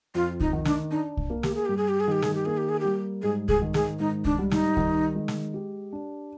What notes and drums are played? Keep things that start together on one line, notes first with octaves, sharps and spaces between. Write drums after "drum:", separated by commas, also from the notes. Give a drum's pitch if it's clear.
F2 F4
D#4, drum: kick C2
D#3
D4, drum: snare
D4 D#4
drum: kick C2
A#3
G4, drum: snare
G#4
G2 G4
G#4
G4
G#4
D#3 G4
G#4, drum: snare
G4
A#3 G#4
G4
G#4
G3 G4
G#2 G#4
G#4, drum: kick C2
D#3
G#4, drum: snare
G#2 D#4
D4, drum: kick C2
G3
D#4, drum: snare
D#3, drum: kick C2
G#3
drum: snare
G4
D4